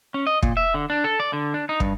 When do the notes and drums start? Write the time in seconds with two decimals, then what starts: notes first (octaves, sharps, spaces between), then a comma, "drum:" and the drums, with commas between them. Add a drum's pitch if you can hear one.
0.14 C#4
0.27 D#5
0.42 A#2, drum: kick
0.57 E5
0.74 D3
0.90 D4
1.04 A4
1.20 D5
1.33 D3
1.54 D4
1.69 D#4
1.80 G2, drum: kick